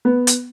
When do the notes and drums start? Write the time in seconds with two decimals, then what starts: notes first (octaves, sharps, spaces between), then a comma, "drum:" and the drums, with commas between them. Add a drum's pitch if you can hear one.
0.05 B3
0.27 drum: hi-hat